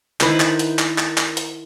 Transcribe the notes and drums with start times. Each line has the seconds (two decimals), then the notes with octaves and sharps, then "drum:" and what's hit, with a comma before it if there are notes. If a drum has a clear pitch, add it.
0.21 D#3 E4 B4 C5, drum: clap
0.40 drum: clap
0.59 drum: hi-hat
0.79 drum: clap
0.98 drum: clap
1.18 drum: clap
1.37 drum: hi-hat